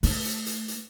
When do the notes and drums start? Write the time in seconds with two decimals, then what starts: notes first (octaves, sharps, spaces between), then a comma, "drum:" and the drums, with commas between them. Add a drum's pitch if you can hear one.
0.03 A3, drum: open hi-hat
0.25 drum: hi-hat
0.46 drum: hi-hat
0.68 drum: hi-hat